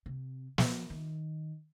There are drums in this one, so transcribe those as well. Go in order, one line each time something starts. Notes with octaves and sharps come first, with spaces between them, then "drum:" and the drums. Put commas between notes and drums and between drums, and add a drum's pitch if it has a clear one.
C3
F3, drum: snare
D#3